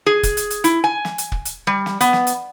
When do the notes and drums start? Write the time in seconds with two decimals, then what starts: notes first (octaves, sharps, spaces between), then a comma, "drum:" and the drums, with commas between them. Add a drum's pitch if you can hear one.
0.06 G#4
0.23 drum: kick, hi-hat
0.37 drum: hi-hat
0.50 drum: hi-hat
0.64 E4, drum: hi-hat
0.84 G#5
1.05 drum: snare
1.18 drum: hi-hat
1.32 drum: kick
1.45 drum: hi-hat
1.67 G3
1.86 drum: snare
2.01 B3, drum: hi-hat
2.13 drum: snare
2.27 drum: hi-hat